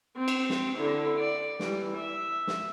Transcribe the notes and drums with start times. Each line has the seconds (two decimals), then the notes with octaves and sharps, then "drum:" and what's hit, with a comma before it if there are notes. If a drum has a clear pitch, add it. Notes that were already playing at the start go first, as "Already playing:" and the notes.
0.17 C4
0.28 drum: cymbal
0.50 drum: snare
0.78 D3 E4
1.19 D5
1.60 E3 G3, drum: snare
1.97 E5
2.47 drum: snare